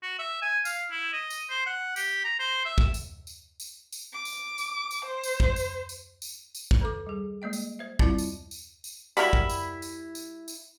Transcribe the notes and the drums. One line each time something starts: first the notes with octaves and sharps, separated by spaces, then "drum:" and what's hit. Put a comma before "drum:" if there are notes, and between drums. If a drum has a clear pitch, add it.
F#4
E5
G#5
F5, drum: tambourine
E4
D#5
drum: tambourine
C5
F#5
G4, drum: tambourine
A#5
C5
E5
drum: kick
drum: tambourine
drum: tambourine
drum: tambourine
drum: tambourine
D6
drum: tambourine
drum: tambourine
drum: tambourine
C5
drum: tambourine
drum: kick
drum: tambourine
drum: tambourine
drum: tambourine
drum: tambourine
drum: kick
D#3 A4 D6
G3 G#4
G#3 A#3 D#5 G5
drum: tambourine
C5 E5
G3 C4 E4 F4 D5, drum: kick
drum: tambourine
drum: tambourine
drum: tambourine
G3 E4 F#4 A#4 B5, drum: tambourine
drum: kick
drum: tambourine
drum: tambourine
drum: tambourine
drum: tambourine